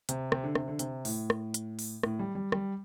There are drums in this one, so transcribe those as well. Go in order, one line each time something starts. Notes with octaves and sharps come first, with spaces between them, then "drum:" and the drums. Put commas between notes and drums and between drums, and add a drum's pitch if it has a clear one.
C3, drum: hi-hat
C3, drum: rim click
D3
C3, drum: rim click
D3
C3, drum: hi-hat
A2, drum: open hi-hat
drum: rim click
drum: hi-hat
drum: open hi-hat
A2, drum: rim click
G3
G3
G3, drum: rim click